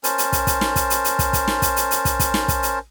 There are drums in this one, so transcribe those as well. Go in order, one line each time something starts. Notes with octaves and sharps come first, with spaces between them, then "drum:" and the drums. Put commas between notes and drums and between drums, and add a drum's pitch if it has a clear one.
C#4 A#4 C5 A5, drum: hi-hat
drum: hi-hat
drum: kick, hi-hat
drum: kick, hi-hat
drum: snare
drum: kick, hi-hat
drum: hi-hat
drum: hi-hat
drum: kick, hi-hat
drum: kick, hi-hat
drum: snare
drum: kick, hi-hat
drum: hi-hat
drum: hi-hat
drum: kick, hi-hat
drum: kick, hi-hat
drum: snare
drum: kick, hi-hat
drum: hi-hat